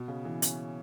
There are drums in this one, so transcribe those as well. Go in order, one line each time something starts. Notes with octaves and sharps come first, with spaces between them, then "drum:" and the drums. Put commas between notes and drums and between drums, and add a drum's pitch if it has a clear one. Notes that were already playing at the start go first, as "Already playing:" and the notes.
Already playing: B2
C#3
E3
C#4, drum: hi-hat